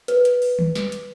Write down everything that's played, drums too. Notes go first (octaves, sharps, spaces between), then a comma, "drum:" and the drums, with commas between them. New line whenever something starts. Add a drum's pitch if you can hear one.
B4, drum: hi-hat
drum: hi-hat
drum: open hi-hat
drum: tom D#3
drum: snare
drum: hi-hat